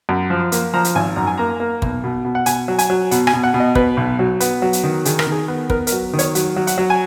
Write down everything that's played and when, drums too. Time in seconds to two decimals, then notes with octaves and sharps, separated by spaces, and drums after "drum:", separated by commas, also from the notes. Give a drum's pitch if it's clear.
0.09 F#2
0.30 F3
0.52 A#3, drum: hi-hat
0.74 F3 A#5
0.84 drum: hi-hat
0.95 G#1 G#5
1.16 F#2 A#5
1.27 G#5
1.38 A#3 A#5
1.60 A#3
1.82 B1, drum: kick
2.04 B2
2.25 B2
2.35 F#5
2.46 B2 G#5, drum: hi-hat
2.68 F#3
2.79 G#5, drum: hi-hat
2.90 F#3
3.11 B2 F#5, drum: hi-hat
3.27 G#5, drum: rim click
3.33 B2
3.44 F#5
3.54 B2
3.60 D#5
3.75 B2 B4, drum: kick
3.97 B1
4.19 F#3
4.40 B3, drum: hi-hat
4.62 F#3
4.73 drum: hi-hat
4.84 D#3
5.05 D#3 G#4, drum: hi-hat
5.19 A#4, drum: rim click
5.27 D#3 G#4
5.48 B3
5.70 B3 A#4, drum: kick
5.87 A#4, drum: hi-hat
5.92 F#3
6.13 D#3
6.19 C#5, drum: hi-hat
6.35 F#3, drum: hi-hat
6.56 F#3
6.67 F#5, drum: hi-hat
6.78 F#3
6.90 G#5